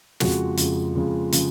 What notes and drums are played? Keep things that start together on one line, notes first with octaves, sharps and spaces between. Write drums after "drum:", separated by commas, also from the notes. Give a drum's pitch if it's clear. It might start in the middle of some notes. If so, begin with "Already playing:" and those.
F2 C#3 F3 G#3 F#4, drum: snare
F2 C#3 F3 G#3, drum: hi-hat
F2 C#3 F3 G#3
C#3 F3 G#3, drum: hi-hat